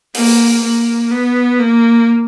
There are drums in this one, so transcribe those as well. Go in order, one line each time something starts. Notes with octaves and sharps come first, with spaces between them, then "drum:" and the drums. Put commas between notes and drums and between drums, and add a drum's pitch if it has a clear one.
A#3, drum: open hi-hat
A#3
B3
A#3